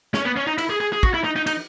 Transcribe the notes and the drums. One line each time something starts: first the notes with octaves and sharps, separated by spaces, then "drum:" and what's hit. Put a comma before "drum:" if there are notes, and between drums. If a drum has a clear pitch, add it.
C#4, drum: snare
B3
C#4
D#4
E4, drum: cymbal
G#4
G#4
G#4
F#4, drum: kick
E4
D#4
D#4
D#4, drum: cymbal